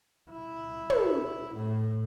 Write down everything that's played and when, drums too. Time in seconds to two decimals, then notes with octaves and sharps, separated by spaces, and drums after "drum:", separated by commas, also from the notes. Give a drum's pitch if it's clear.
0.31 E4
0.90 drum: tom
1.54 A2